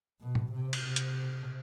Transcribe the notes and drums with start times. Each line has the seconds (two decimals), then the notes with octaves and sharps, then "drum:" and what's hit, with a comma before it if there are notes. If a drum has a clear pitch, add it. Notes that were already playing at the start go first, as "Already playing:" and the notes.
0.21 B2
0.35 drum: tom A2
0.53 C3
0.73 drum: cymbal
0.84 C3
0.96 drum: hi-hat